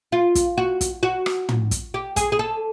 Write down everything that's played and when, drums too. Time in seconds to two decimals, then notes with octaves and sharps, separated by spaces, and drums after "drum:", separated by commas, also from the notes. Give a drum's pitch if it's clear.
0.12 F4
0.35 drum: kick, hi-hat
0.58 F#4
0.81 drum: kick, hi-hat
1.03 F#4
1.26 drum: rim click
1.49 drum: tom
1.71 drum: kick, hi-hat
1.94 G4
2.16 G#4, drum: kick, hi-hat
2.32 G#4
2.39 A4